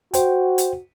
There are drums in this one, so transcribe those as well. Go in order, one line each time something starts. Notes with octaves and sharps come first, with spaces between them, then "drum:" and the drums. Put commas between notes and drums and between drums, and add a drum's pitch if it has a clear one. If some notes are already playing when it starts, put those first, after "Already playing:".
F#4 C5 G5, drum: hi-hat
drum: hi-hat